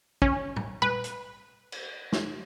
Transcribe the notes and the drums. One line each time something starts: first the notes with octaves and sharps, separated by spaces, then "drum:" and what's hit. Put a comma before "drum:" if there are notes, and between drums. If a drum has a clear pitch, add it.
C#4, drum: kick
drum: tom G#2
B4, drum: tom
drum: hi-hat
drum: cymbal
drum: snare